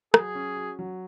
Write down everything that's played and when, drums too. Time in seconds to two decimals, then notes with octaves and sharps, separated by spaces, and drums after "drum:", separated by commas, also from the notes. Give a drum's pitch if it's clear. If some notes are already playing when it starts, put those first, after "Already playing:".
0.14 F#3 G#4, drum: rim click
0.35 C#4
0.57 F#4
0.79 F#3